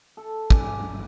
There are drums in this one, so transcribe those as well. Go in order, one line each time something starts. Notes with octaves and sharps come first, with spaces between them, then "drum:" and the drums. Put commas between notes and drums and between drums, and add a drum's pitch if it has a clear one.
A4
D5 G#5, drum: kick